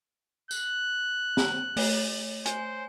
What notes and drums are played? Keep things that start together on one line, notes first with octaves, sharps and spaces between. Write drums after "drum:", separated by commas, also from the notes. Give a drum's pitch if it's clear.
F#6, drum: tambourine
drum: snare
A3 C#5 F#7, drum: open hi-hat
C5 G#5, drum: hi-hat